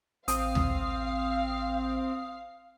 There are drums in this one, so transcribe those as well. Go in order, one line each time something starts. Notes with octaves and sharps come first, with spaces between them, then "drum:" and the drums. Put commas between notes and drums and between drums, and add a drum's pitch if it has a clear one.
A1 C4 F5 D#6, drum: hi-hat
drum: tom D2